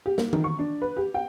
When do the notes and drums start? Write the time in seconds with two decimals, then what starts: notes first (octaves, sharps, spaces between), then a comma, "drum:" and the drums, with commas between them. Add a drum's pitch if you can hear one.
0.06 G4
0.18 A#3, drum: snare
0.33 D#3, drum: tom E3
0.44 C#6
0.59 D4
0.82 B4
0.97 G4
1.14 G5